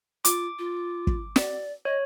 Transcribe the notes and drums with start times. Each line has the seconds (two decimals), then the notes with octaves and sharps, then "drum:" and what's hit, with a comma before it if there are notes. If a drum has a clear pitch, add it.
0.25 F4 D6, drum: hi-hat
0.59 F4
1.07 drum: kick
1.36 D5, drum: snare
1.85 C#5 D#5